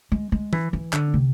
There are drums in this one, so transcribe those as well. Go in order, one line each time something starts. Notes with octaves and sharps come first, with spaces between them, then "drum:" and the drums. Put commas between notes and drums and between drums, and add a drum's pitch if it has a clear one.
G#3
G#3
E3, drum: tom
E3
D3, drum: clap
C3